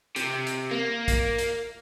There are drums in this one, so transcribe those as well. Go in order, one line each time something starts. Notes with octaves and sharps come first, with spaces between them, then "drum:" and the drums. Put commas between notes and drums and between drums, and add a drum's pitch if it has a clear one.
C3, drum: hi-hat
drum: hi-hat
A#3
drum: kick, hi-hat
drum: hi-hat